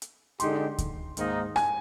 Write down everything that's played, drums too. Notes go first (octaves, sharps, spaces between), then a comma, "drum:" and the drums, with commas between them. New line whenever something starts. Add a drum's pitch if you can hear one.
drum: hi-hat
D3 G#3 D#4 G4 C6, drum: hi-hat
drum: kick D2, hi-hat
G#2 D#3 A#3 D#4, drum: hi-hat
G#5, drum: rim click